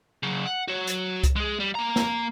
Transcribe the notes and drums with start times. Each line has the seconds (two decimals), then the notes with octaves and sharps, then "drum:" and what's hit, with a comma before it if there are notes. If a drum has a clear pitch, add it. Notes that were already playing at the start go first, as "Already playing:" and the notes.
0.23 C#3 F#3
0.46 F#5
0.68 F#4 C#5
0.87 drum: hi-hat
1.24 drum: kick C2, hi-hat
1.36 G#3 G#4
1.60 G3
1.75 A#3 A#5
1.96 drum: snare